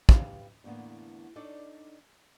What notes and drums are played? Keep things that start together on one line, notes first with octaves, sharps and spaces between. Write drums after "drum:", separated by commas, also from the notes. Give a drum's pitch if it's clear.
G4 B4 F5, drum: kick
E2 A2 D3 A#3 B3
D4 D#4 A4 C#5 D5